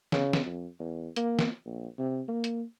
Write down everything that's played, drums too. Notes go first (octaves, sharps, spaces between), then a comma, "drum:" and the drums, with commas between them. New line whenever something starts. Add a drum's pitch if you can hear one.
C#3, drum: snare
drum: snare
F2
E2
A#3, drum: hi-hat
drum: snare
A#1
C3
A#3
drum: hi-hat